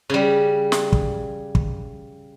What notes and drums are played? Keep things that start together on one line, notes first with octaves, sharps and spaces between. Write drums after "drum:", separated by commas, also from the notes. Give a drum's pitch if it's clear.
C#3 G3
drum: snare
drum: kick
drum: kick